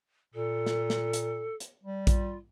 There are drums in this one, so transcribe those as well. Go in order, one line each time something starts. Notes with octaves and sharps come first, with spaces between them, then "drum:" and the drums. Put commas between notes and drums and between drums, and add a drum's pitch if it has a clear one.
A#2 A4
drum: snare
drum: snare
drum: hi-hat
drum: hi-hat
G3
F4, drum: kick A#1, hi-hat